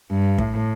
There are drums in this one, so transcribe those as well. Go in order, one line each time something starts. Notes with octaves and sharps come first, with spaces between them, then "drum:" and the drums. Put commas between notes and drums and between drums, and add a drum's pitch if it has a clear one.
G2
A2, drum: kick